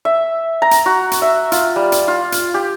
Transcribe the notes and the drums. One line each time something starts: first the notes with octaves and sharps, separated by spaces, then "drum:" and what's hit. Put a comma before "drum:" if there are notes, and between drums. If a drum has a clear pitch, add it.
E5
A#5
drum: hi-hat
F#4
drum: hi-hat
E5
F4, drum: hi-hat
G3
drum: hi-hat
F4
drum: hi-hat
G4